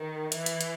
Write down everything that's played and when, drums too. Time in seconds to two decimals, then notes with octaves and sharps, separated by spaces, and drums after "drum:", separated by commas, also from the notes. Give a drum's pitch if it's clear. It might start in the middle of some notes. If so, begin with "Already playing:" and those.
Already playing: D#3
0.32 E3, drum: hi-hat
0.46 drum: hi-hat
0.61 drum: hi-hat